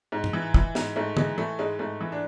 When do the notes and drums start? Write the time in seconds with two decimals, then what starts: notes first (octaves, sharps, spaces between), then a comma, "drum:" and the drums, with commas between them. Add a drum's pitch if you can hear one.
0.12 G#2
0.24 drum: tom G2
0.33 E3
0.54 E3, drum: kick
0.75 G#2, drum: snare
0.96 G#2 A3
1.17 E3 G#3, drum: tom
1.38 E3 A3
1.59 G#2 G#3
1.79 G#2 A3
2.01 E3
2.12 D4